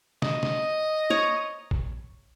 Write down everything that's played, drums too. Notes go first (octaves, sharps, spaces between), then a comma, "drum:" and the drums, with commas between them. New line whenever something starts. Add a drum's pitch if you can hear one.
D#5, drum: snare
drum: snare
C#5 A#5
drum: kick